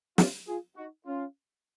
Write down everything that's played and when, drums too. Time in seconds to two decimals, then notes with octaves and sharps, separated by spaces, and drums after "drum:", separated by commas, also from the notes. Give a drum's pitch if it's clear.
0.18 C#4 F4, drum: snare
0.48 F4 G#4
0.77 D#4 F#4
1.06 C#4 F4